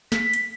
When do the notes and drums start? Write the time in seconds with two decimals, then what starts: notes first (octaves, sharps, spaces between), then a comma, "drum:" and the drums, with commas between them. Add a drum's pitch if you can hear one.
0.12 B6, drum: snare
0.33 drum: hi-hat